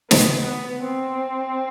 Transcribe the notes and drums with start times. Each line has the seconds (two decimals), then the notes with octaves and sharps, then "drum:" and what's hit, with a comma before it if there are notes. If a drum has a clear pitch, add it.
0.11 B3, drum: snare
0.47 B3
0.84 C4